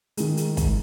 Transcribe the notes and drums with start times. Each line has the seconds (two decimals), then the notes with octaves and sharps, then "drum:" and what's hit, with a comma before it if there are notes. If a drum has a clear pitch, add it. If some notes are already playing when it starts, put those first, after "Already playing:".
0.17 D#3 G#3, drum: hi-hat
0.37 drum: hi-hat
0.57 drum: kick, hi-hat